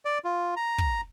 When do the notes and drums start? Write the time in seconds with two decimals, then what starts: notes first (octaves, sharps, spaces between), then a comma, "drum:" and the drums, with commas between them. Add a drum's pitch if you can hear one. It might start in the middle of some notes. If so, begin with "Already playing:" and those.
0.05 D5
0.25 F4
0.56 A#5
0.78 drum: kick